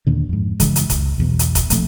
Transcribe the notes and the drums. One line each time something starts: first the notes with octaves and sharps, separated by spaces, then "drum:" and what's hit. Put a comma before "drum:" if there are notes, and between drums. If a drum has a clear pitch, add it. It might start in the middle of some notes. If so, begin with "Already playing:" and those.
D#2 A#2 D3
F2 G#2
F#2 C#3 E3 G#3, drum: kick, hi-hat
drum: hi-hat
C#2, drum: kick, hi-hat
B1 E2 B2
drum: hi-hat
drum: kick, hi-hat
E1 A#1 F2 A3, drum: hi-hat